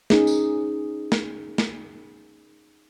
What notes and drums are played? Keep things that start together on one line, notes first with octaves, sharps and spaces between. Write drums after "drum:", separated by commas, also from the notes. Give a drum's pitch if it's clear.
C#4 D#4 G#4, drum: snare
drum: tambourine
drum: snare
drum: snare